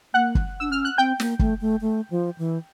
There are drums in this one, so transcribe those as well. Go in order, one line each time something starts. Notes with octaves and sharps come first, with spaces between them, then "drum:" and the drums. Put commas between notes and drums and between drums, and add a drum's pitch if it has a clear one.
A#3 F#5 F#6
drum: kick
D4 E6
C#4 F6
F#6
C4 G5 G6
A#3, drum: snare
A3, drum: kick
A3
A3
F3
E3